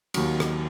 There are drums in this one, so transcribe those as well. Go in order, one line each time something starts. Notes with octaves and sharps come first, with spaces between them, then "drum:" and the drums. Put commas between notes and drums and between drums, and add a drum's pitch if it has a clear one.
D#2 D#3 F#3, drum: cymbal
drum: rim click